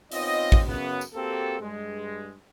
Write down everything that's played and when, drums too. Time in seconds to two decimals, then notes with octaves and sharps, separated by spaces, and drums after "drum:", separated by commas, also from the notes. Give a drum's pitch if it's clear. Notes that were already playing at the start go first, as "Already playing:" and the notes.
0.12 B3 C4 D#4 F4 C#5 D#5, drum: open hi-hat
0.52 drum: kick
0.68 F#2 C#3 B3
1.01 drum: tambourine
1.14 A#3 C4 F#4 G4 A4
1.60 G2 G#3